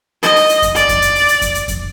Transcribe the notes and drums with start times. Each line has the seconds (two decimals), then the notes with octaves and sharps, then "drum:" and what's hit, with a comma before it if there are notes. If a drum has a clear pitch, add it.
0.23 D#5, drum: hi-hat
0.36 drum: open hi-hat
0.49 drum: hi-hat
0.62 drum: kick F2, hi-hat
0.75 D5, drum: hi-hat
0.89 drum: kick F2, hi-hat
1.02 drum: hi-hat
1.15 drum: open hi-hat
1.28 drum: hi-hat
1.42 drum: kick F2, hi-hat
1.55 drum: hi-hat
1.68 drum: kick F2, hi-hat